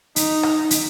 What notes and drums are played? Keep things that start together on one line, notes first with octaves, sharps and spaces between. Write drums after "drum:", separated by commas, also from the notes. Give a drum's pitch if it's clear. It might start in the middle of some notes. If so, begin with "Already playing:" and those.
D#4, drum: hi-hat
drum: rim click
drum: hi-hat